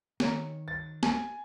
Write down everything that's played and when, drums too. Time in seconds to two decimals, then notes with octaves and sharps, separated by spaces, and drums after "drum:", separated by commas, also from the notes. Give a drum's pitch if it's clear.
0.20 D#3 C#5 A#5, drum: snare
0.68 A6
1.03 G#5, drum: snare